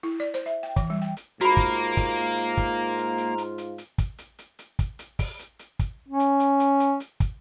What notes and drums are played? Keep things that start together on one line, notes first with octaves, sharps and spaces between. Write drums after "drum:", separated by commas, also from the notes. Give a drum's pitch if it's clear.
E4
D5
C5, drum: hi-hat
E5
G5
E3, drum: kick, hi-hat
G3
G5
drum: hi-hat
G#2 A#3 F4 F#4 A#5 B5
drum: kick, hi-hat
drum: hi-hat
drum: kick, open hi-hat
drum: hi-hat
drum: hi-hat
drum: kick, hi-hat
drum: hi-hat
drum: hi-hat
drum: hi-hat
drum: hi-hat
drum: hi-hat
drum: kick, hi-hat
drum: hi-hat
drum: hi-hat
drum: hi-hat
drum: kick, hi-hat
drum: hi-hat
drum: kick, open hi-hat
drum: hi-hat
drum: hi-hat
drum: kick, hi-hat
C#4
drum: hi-hat
drum: hi-hat
drum: hi-hat
drum: hi-hat
drum: hi-hat
drum: kick, hi-hat